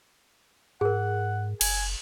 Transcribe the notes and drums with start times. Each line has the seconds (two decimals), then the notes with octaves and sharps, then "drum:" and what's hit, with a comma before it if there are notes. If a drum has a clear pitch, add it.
0.81 G#2 G#4 A#4 F#5
1.61 F#1 G#5, drum: cymbal